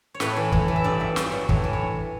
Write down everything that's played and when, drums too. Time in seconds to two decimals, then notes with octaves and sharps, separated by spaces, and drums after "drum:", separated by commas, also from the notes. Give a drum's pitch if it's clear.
0.14 C#5
0.20 A2 B4, drum: snare
0.37 E3
0.52 A2, drum: kick
0.68 E3
0.76 E5
0.84 G2 D5
1.00 F#3 E5
1.16 G2, drum: snare
1.32 F#3
1.49 A2, drum: kick
1.64 E3
1.73 C#5